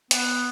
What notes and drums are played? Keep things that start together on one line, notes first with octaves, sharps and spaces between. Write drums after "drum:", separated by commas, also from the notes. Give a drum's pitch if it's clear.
B3, drum: hi-hat